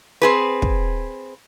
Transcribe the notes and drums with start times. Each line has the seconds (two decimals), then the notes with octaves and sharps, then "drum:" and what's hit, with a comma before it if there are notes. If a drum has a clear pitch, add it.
0.22 C4 G#4 B4
0.62 drum: kick